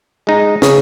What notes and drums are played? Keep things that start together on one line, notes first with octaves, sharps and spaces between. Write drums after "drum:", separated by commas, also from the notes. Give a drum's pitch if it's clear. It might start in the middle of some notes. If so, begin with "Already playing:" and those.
G#3 D#4
C#3, drum: snare